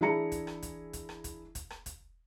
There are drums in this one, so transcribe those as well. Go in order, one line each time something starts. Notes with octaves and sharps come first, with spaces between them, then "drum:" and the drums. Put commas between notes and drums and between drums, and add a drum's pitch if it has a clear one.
E3 D4 E4 G#4 A#5 C#7
drum: kick, hi-hat
drum: rim click
drum: kick, hi-hat
drum: kick, hi-hat
drum: rim click
drum: kick, hi-hat
drum: kick, hi-hat
drum: rim click
drum: kick, hi-hat